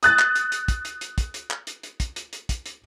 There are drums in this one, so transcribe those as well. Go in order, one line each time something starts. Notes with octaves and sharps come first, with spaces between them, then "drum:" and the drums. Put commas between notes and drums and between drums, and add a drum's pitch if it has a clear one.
D#6 F#6 A6, drum: hi-hat
drum: clap
drum: hi-hat
drum: hi-hat
drum: kick, hi-hat
drum: hi-hat
drum: hi-hat
drum: kick, hi-hat
drum: hi-hat
drum: clap
drum: hi-hat
drum: hi-hat
drum: kick, hi-hat
drum: hi-hat
drum: hi-hat
drum: kick, hi-hat
drum: hi-hat